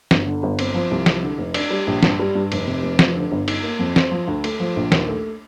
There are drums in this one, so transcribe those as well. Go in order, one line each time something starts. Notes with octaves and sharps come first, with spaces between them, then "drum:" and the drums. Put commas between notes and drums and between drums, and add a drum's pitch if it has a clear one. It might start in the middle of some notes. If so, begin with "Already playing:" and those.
G1, drum: snare
D3
G1
C4, drum: cymbal
F3
C2
F3, drum: snare
D3
F1
D4, drum: cymbal
G3
A#1
G2, drum: snare
G3
G2
F1, drum: cymbal
C3
F1
F3, drum: snare
D3
G1
D#4, drum: cymbal
A#3
F2
C4, drum: snare
F3
D2
A3, drum: cymbal
F3
A#1
D#2, drum: snare
A3